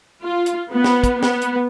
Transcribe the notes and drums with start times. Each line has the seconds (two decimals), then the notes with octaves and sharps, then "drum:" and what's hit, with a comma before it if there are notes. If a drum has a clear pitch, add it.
0.23 F4
0.46 drum: hi-hat
0.72 B3
0.84 drum: snare
1.04 drum: kick, hi-hat
1.23 B3, drum: snare
1.42 drum: hi-hat